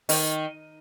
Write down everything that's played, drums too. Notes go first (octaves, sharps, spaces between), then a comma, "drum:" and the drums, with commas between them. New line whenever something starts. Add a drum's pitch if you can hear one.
D#3, drum: open hi-hat